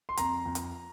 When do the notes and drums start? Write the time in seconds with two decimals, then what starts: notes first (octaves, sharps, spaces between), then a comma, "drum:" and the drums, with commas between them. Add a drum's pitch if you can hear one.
0.09 C6
0.17 F2 A#5, drum: hi-hat
0.46 F2
0.55 drum: hi-hat